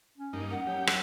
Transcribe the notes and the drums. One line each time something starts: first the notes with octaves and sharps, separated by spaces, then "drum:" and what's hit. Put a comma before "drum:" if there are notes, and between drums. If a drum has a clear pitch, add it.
C#4
G2 A#3 D#4
F#5
F#3 G4
drum: rim click